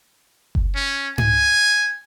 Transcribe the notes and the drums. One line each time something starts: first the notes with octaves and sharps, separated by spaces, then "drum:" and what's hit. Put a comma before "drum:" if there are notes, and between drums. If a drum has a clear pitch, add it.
drum: kick F#1
C#4
G#5, drum: tom G#2